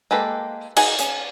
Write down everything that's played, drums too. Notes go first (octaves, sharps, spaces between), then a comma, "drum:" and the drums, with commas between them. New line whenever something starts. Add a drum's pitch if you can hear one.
G#3 A#3 G4 A4 B4
D#4 F#4 G#4 F#5 G#5, drum: cymbal
C#4 G#4, drum: hi-hat